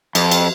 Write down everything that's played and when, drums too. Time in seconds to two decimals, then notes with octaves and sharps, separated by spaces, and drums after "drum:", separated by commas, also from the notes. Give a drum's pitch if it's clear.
0.15 F2, drum: cymbal
0.31 drum: cymbal